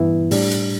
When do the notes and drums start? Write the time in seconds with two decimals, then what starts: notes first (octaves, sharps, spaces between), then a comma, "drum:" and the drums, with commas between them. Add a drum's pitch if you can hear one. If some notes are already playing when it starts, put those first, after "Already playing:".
Already playing: G2 E3 B3 E4
0.31 A2 G3 D4, drum: open hi-hat
0.51 drum: hi-hat